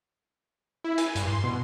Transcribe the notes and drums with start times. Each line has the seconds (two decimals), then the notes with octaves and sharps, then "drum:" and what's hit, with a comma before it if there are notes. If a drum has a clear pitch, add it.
0.84 E4
0.98 G#5, drum: hi-hat
1.15 G2, drum: hi-hat
1.27 C6
1.44 B2